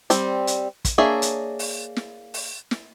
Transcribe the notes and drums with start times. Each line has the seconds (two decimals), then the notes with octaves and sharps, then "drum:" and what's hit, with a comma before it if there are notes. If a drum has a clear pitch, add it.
0.10 G3 C4, drum: hi-hat
0.47 drum: hi-hat
0.85 drum: kick, hi-hat
0.98 A#3 D4 G#4 C#5 E5
1.22 drum: hi-hat
1.59 drum: open hi-hat
1.96 drum: snare
2.34 drum: open hi-hat
2.71 drum: snare